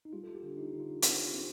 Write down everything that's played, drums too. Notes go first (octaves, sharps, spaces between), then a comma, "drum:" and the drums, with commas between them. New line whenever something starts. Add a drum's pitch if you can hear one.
D#4
G3 F4
A4
G4
D3
D#4
D3 D#4
F4
C4 G4, drum: hi-hat
F4
C4